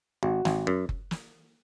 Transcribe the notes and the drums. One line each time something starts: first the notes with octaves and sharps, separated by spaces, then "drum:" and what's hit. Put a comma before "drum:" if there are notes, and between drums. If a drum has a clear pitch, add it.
G#1 F#4
G#1, drum: snare
F#2
drum: kick F#1
drum: snare